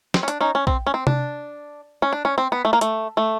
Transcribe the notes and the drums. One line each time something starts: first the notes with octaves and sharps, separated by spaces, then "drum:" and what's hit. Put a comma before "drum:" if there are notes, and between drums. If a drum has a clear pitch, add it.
C4, drum: snare
C#4
D4, drum: hi-hat
C#4 D#4
C#4
C4, drum: kick
C#4
C4
D4, drum: tom C3
C#4
D4
C#4
C4
B3
A3
A#3
A3, drum: hi-hat
A3